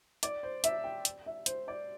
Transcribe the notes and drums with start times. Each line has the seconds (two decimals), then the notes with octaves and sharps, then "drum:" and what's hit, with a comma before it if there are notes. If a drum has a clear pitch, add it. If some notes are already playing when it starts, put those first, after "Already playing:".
0.23 D5, drum: hi-hat
0.43 C5
0.64 E5, drum: hi-hat
0.84 G5
1.05 drum: hi-hat
1.26 E5
1.46 C5, drum: hi-hat
1.68 D5